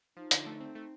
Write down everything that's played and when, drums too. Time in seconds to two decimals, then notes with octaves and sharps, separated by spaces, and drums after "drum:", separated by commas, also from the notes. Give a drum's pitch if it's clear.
0.17 F3 D#4
0.31 D3, drum: hi-hat
0.46 A3
0.60 C4
0.75 A3